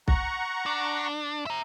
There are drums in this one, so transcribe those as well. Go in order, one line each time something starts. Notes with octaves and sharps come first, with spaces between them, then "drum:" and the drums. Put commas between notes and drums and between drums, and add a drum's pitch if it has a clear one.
F#5 A#5 C#6, drum: kick B1
D4
E5 A#5